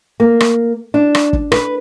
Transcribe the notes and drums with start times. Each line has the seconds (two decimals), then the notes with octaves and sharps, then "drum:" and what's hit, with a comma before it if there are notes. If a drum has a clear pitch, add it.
0.20 A#3
0.40 drum: rim click
0.94 D4
1.15 drum: rim click
1.33 drum: kick
1.52 B4, drum: rim click